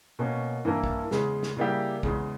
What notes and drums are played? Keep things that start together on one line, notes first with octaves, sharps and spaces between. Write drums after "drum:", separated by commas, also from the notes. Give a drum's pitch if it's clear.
B2 A#3 C#4
G2 E3 A#3 E4 A#4
drum: kick
E2 C#3 G#3, drum: snare
drum: snare
C#3 G3 A#3 E4 G4
E2 C#3 G#3, drum: kick